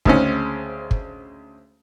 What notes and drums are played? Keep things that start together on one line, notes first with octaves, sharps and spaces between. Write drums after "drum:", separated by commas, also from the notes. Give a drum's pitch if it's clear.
D2 C#3 G#3 C4 C#4, drum: kick
drum: kick